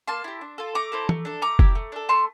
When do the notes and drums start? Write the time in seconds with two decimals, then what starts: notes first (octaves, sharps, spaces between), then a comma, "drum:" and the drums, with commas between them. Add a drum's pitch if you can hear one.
0.08 A#3 A5 C6
0.24 E4 G4
0.41 D4
0.58 F4 A4
0.75 A3 A#5 D6
0.92 C4 E4 A4
1.09 A3, drum: tom E3
1.25 D4 A4
1.42 A3 A#5 D6
1.59 E4 G4, drum: kick F1
1.75 A3
1.92 D4 A4
2.09 A3 A5 C6